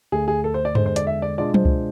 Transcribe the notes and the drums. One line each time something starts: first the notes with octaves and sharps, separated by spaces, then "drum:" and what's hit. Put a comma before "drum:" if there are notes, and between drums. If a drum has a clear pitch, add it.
D2 D3 A3 G#4
G#4
A4
C5
D5
E2 D3 G#3 C5, drum: tom G2
C5
D5, drum: hi-hat
E5
D5
B2 G#3 D4 F4 D5
C5, drum: tom F#3
drum: kick C#2